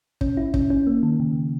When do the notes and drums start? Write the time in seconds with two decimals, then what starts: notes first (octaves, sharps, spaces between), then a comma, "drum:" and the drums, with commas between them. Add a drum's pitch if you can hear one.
0.21 C#4, drum: kick
0.37 E4
0.54 C#4, drum: kick
0.70 C#4
0.87 A#3
1.03 D#3
1.20 C#3